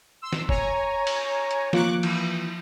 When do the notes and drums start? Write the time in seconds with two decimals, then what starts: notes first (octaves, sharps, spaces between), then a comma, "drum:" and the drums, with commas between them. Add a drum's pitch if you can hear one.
0.22 C6 E6
0.33 drum: snare
0.49 C#5 G#5 A#5, drum: kick F1
1.07 drum: cymbal
1.51 drum: hi-hat
1.73 F3 A#3 F4 C#6 D6 F#6, drum: snare
2.03 E3, drum: cymbal